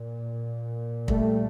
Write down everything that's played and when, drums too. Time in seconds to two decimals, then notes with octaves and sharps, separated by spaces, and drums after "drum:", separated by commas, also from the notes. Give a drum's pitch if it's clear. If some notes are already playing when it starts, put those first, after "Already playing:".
Already playing: A#2
1.08 G3 A3, drum: kick